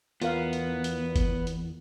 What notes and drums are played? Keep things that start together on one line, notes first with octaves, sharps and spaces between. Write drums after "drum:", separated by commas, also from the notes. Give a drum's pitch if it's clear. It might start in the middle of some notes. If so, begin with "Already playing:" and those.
E2 B3 F4 A#4 F5, drum: hi-hat
drum: hi-hat
drum: hi-hat
drum: kick G1, hi-hat
drum: hi-hat